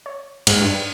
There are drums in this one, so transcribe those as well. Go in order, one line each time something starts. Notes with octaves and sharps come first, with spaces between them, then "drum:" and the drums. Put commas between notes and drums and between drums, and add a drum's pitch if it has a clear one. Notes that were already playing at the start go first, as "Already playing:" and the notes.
C#5
G#2, drum: cymbal
G2